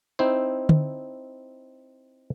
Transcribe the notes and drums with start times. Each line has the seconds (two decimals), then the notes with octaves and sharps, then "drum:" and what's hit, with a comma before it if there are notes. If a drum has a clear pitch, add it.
0.19 C4 D#4 E4 C5
0.69 drum: tom D3